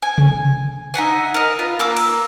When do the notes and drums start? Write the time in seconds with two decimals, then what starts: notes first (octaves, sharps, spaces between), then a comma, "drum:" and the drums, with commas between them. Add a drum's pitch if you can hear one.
0.02 G#5
0.18 drum: tom C3
0.94 D#4 E5 F#5 G#5
1.34 A#4 D#5
1.59 F4 B4
1.79 A#3 D6 E6
1.97 drum: cymbal